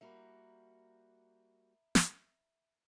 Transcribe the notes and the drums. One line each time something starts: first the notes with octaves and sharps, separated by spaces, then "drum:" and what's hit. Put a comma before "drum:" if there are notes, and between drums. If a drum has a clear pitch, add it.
G3 A#3 F#4 E5 A#5 B5
drum: snare